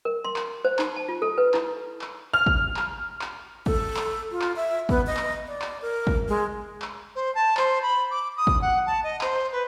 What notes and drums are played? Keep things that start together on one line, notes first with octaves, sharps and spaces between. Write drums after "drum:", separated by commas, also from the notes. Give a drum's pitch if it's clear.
A#4
C6
drum: clap
C5
D#4, drum: clap
A5
F4
A4
B4
E4, drum: clap
drum: clap
F6
drum: kick
drum: clap
drum: clap
A4, drum: kick
drum: clap
F4
drum: clap
E5
B3, drum: kick
D#5
drum: clap
D5
drum: clap
A#4
drum: kick
G#3
drum: clap
C5
A5
C5, drum: clap
B5
D6
D#6
drum: kick
F#5
A5
D#5
C5, drum: clap
B4